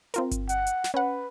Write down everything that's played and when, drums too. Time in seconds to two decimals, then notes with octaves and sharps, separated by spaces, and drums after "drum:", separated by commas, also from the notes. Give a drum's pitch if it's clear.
0.14 C4 F4 A#4, drum: hi-hat
0.31 drum: kick G1, hi-hat
0.49 F#5, drum: hi-hat
0.67 drum: hi-hat
0.84 drum: snare
0.94 C#4 B4 F#5